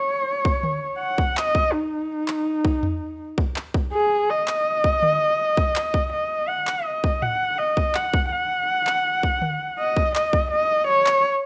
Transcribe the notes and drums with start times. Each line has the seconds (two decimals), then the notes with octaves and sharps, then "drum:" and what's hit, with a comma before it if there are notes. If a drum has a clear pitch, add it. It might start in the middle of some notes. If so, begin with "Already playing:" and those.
Already playing: C#5
0.45 drum: kick C2
0.63 drum: tom D3
0.99 F#5
1.18 drum: kick C2
1.37 D#5, drum: clap
1.55 drum: kick C2
1.73 D#4
2.28 drum: clap
2.65 drum: kick C2
2.83 drum: tom E2
3.38 drum: kick C2
3.56 drum: clap
3.74 drum: kick C2
3.93 G#4
4.29 D#5
4.48 drum: clap
4.84 drum: kick C2
5.02 drum: tom D3
5.57 drum: kick C2
5.76 drum: clap
5.94 drum: kick C2
6.13 D#5
6.49 F#5
6.67 drum: clap
6.85 D#5
7.04 drum: kick C2
7.22 F#5, drum: tom A2
7.58 D#5
7.77 drum: kick C2
7.95 F#5, drum: clap
8.14 drum: kick C2
8.32 F#5
8.87 drum: clap
9.23 drum: kick C2
9.42 drum: tom D3
9.79 D#5
9.97 drum: kick C2
10.15 D#5, drum: clap
10.33 drum: kick C2
10.51 D#5
10.88 C#5
11.06 drum: clap